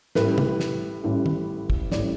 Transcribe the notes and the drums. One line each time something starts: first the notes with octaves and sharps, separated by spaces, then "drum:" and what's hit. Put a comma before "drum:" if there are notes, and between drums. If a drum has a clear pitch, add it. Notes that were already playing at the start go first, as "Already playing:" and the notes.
A1 A2 G3 B4, drum: snare
drum: tom C3
drum: snare
A1 A2 G3
drum: tom D#3
drum: kick
A1 A2 G3 D5, drum: snare